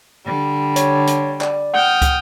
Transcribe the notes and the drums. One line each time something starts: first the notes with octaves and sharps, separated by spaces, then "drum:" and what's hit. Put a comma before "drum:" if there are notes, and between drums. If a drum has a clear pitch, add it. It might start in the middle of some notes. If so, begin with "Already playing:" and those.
D3 G3
C#5, drum: hi-hat
drum: hi-hat
D5, drum: clap
F#5 G5 D#6 F6
drum: kick, hi-hat